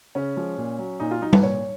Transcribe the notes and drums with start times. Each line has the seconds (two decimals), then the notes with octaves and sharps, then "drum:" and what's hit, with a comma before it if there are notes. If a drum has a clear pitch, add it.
0.15 C#3 C#4
0.36 F3 G#3
0.58 A#2
0.79 F#3
1.00 A#2 D#4
1.11 F4
1.21 F#3 D#4
1.33 B4, drum: tom G3
1.43 A#2 C#5